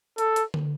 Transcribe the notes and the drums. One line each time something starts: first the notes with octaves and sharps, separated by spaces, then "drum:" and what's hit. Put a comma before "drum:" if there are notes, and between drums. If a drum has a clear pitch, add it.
A4, drum: hi-hat
drum: hi-hat
drum: tom D3